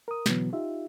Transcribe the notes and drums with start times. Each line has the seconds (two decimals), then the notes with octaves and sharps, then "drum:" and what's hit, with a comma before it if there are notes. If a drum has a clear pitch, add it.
0.08 A#4 D#6
0.26 B2 D3 E3 F#3 B3, drum: snare
0.53 D#4 F4 G4 E5